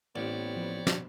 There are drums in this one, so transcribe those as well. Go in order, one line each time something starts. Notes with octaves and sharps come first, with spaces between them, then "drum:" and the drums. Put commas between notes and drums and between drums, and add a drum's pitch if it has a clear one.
A1 B3 C4 G4 C#5 D5
F3
drum: snare